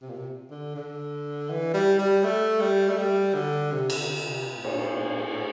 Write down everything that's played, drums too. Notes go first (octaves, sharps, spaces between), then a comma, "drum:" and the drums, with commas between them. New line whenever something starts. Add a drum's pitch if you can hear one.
C3
A#2
C3
D3
D3
E3
G3
G3
A3
G3
A3
G3
D3
C3
D3, drum: cymbal
C3
D3
C3
A2
A#2, drum: cymbal
A2
A#2
A2